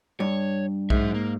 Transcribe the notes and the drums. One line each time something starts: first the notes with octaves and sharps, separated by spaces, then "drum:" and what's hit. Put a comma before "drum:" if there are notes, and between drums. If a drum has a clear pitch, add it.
G2 C#5
G#2 F#3 E5, drum: kick B1
A#3